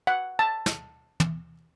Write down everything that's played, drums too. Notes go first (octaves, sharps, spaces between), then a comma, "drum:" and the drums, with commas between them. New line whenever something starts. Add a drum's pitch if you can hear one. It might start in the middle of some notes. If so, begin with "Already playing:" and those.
F#5
A5
drum: snare
drum: tom